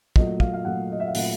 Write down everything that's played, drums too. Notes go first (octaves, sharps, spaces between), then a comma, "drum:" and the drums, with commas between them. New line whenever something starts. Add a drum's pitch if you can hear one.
A#2 F#3 A3 D#5, drum: kick
F5, drum: kick
F5
A#2 F#3 A3 F#5
D#5
E5
F5
A#2 F#3 A3 F#5, drum: open hi-hat